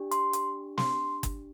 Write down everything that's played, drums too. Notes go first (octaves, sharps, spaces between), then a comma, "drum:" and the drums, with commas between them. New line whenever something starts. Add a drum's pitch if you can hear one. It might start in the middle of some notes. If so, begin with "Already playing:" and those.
Already playing: D4 G4
C6, drum: hi-hat
drum: hi-hat
C6, drum: snare
drum: kick, hi-hat